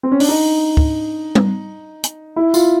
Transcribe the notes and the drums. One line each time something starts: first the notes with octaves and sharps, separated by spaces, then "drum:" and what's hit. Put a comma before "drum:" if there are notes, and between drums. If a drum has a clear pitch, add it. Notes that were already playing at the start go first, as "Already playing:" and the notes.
C4
C#4
D4, drum: open hi-hat
D#4
drum: kick
drum: tom G3
drum: hi-hat
E4
F4, drum: tambourine